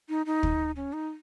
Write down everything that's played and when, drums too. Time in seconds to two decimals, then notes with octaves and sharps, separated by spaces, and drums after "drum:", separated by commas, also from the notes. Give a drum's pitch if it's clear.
0.09 D#4
0.26 D#4
0.43 drum: kick
0.76 C#4
0.93 D#4